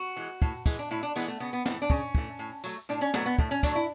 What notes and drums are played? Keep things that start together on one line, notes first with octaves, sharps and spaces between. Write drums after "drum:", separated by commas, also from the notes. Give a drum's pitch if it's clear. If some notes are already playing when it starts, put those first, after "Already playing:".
Already playing: F#4
E3 G#3
A2, drum: kick
E3 G#3, drum: kick, tambourine
D4
A2 E4
D4
E3 G#3 B3, drum: tambourine
A3
C#3 B3
B3
E3 A3 B3, drum: snare
D4
C#3 C#4, drum: kick
E3 A3, drum: kick
A2
F#3 A3, drum: tambourine
A2 D4
C#4
F#3 A3 B3, drum: snare
B3
A2 A3, drum: kick
C#4
F#3 A3 D4, drum: kick, tambourine
E4